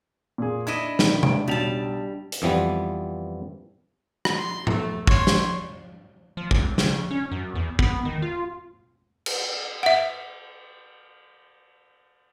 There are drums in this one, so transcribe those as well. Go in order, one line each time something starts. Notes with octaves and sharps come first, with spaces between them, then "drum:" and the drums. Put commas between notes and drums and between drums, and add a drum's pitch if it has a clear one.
A#2 G#4
D4 E4 D#5 G#6
A#2 D#3, drum: snare
D7, drum: tom C3
B1 G3 A5 F7
drum: hi-hat
F2 E3 F3 G3 B3
drum: rim click
C6
A3, drum: tom A2
C#5 C6, drum: kick
drum: snare
F3
C#2, drum: kick
C#3, drum: snare
C#4
F#2
E2
B3, drum: kick
D#3
F4
drum: cymbal
E5 F#5